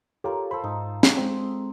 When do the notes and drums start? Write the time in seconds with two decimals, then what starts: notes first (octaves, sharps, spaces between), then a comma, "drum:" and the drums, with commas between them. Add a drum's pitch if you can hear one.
0.24 F4 G4 A4 A#4 C#5
0.51 A4 C5 B5
0.64 G#2 D#4
1.03 drum: snare
1.17 G#3 C4